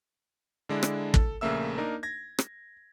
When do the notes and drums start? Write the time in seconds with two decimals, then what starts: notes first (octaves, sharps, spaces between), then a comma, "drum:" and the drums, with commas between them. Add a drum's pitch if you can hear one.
0.69 D3 G#3 D4 E4
0.83 drum: rim click
1.14 A4, drum: kick
1.41 A#1 C#3 A3 A#3 E5 E6
1.77 A#3 D4 D#4 A#4
2.03 G#6 A#6
2.39 drum: rim click